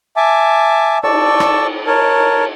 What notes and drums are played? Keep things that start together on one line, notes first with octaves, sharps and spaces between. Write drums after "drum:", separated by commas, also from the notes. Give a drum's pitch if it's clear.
E5 G#5 A5 D6
D5 A5 C#6 E6, drum: cymbal
drum: rim click
A#4 C#5 A5